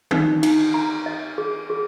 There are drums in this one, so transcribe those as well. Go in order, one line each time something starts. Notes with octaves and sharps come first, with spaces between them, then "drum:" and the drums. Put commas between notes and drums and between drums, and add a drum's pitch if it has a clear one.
D#4, drum: tom D#3
D#4, drum: cymbal
A#5
D#5
G#4
G#4